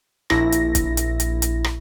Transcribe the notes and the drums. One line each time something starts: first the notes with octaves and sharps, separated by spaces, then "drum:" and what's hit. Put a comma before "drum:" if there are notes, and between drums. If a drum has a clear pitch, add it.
A#1 E4 A#6, drum: rim click
drum: hi-hat
drum: kick, hi-hat
drum: hi-hat
drum: hi-hat
drum: hi-hat
drum: rim click